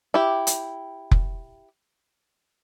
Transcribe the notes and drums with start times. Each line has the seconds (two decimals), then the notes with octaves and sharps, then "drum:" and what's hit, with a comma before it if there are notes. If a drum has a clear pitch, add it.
0.14 E4 G4
0.47 drum: hi-hat
1.11 drum: kick F1